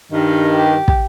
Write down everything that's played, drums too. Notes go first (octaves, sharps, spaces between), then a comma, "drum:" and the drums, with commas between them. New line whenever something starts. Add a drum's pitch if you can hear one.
G2 D#3
G4
drum: kick